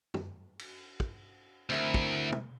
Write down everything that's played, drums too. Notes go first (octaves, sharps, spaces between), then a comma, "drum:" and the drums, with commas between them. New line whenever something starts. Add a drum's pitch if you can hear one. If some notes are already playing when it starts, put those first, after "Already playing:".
drum: tom F#2
drum: cymbal
drum: kick
D2 C4 E4 A#4
drum: kick
drum: tom